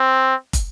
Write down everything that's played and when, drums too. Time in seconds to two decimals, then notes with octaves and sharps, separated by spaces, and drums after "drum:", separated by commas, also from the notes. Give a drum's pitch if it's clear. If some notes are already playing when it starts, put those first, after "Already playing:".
Already playing: C4
0.53 drum: kick, hi-hat